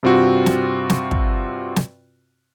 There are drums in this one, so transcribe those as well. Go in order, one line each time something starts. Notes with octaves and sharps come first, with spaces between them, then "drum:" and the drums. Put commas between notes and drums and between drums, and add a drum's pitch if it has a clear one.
G2 C3 C4 F4 F#4
drum: snare
drum: snare
drum: kick
drum: snare